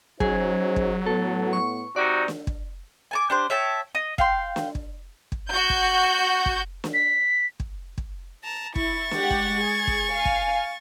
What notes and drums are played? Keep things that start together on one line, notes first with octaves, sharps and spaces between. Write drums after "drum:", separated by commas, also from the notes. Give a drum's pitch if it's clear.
F#3 C#4 D#4 G#4 C5, drum: kick
drum: kick
A2 B3 A4
C#6
C3 D#4 F#4 D5
drum: snare
drum: kick
G#5 A5 D6
D4 G4 C5
C#5 E5 G5 A5
D#5
F5 G5 C6, drum: kick
drum: snare
drum: kick
drum: kick
F#4 G6
drum: kick
drum: kick
drum: snare
B6
drum: kick
drum: kick
A5 A#5
E4 C#6 A6, drum: kick
G#3 G4 F#5, drum: snare
drum: kick
G#4 G#6
drum: kick
F5 G#5
drum: kick